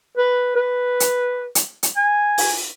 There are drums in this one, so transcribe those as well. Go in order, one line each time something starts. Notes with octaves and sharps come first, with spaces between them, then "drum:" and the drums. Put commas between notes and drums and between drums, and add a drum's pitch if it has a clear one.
B4
B4
drum: hi-hat
drum: hi-hat
drum: hi-hat
G#5
drum: open hi-hat